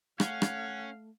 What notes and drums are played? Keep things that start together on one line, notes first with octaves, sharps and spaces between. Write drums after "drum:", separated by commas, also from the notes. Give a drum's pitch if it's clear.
A3 C#4 F5 F#5, drum: rim click
drum: rim click